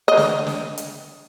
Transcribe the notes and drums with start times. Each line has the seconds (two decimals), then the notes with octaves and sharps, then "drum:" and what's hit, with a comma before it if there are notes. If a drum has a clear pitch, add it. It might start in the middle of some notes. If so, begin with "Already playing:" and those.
0.08 D#5
0.17 drum: snare
0.47 drum: snare
0.78 drum: hi-hat